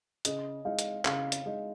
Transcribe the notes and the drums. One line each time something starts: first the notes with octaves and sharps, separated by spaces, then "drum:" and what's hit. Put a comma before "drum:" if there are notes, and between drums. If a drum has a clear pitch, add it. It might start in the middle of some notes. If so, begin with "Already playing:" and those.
C#3 D#5, drum: hi-hat
G#3 D#4 F5
drum: hi-hat
C#3 F5, drum: clap
drum: hi-hat
G#3 D#4